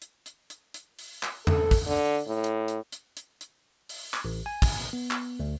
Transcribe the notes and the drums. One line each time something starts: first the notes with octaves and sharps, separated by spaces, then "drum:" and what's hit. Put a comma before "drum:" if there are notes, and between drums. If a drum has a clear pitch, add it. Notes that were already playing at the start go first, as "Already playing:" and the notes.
drum: hi-hat
drum: hi-hat
drum: hi-hat
drum: hi-hat
drum: open hi-hat
drum: clap
A4, drum: tom E2
drum: kick, open hi-hat
D3
A2
drum: hi-hat
drum: hi-hat
drum: hi-hat
drum: hi-hat
drum: hi-hat
drum: open hi-hat
drum: clap
A1
G#5
drum: kick, open hi-hat
B3
drum: clap
D2